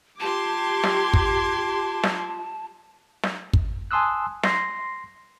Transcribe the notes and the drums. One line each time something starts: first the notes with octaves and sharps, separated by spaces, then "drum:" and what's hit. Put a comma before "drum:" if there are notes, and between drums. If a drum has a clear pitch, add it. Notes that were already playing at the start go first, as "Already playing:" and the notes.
F4 G4 A5 C6 D6 G#6
drum: snare
drum: kick
drum: snare
drum: snare
drum: kick
G#5 A5 C6 D#6 E6 F#6
C6 A#6 C7, drum: snare